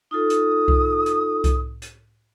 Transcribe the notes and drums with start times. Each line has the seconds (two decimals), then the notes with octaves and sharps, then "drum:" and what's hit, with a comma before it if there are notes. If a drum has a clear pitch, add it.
0.11 D#4 F4 A4 D#6
0.30 drum: hi-hat
0.68 drum: kick C2
1.06 drum: hi-hat
1.44 drum: kick C2, hi-hat
1.82 drum: hi-hat